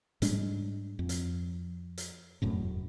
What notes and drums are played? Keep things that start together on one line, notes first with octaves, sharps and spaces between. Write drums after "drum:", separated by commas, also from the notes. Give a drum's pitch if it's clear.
G#2 G3 G#3 D4, drum: hi-hat
F2
drum: hi-hat
drum: hi-hat
E1 F#2 A2